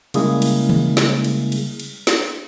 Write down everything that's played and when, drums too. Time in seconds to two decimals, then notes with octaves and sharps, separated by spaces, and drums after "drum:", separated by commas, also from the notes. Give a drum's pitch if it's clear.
0.14 C#3 G3 G#3 A#3 E4 G#4, drum: cymbal
0.42 drum: cymbal
0.69 drum: tom D#3
0.97 drum: snare
1.24 drum: cymbal
1.52 drum: cymbal
1.80 drum: cymbal
2.07 drum: snare